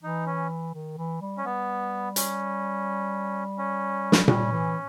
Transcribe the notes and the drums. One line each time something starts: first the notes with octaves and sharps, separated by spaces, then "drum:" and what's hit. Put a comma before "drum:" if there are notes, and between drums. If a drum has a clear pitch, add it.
E3 D#4
C#4
D#3
E3
G3
C#4
G3 B3
C#4, drum: hi-hat
C#4
drum: snare
G3 C#4, drum: tom A#2
E3